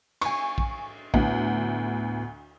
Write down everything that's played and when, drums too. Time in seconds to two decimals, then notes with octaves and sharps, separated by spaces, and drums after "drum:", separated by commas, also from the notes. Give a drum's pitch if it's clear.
0.21 G#5 C#6, drum: cymbal
0.58 drum: kick A#1
1.14 D2 A2 B3, drum: kick A#1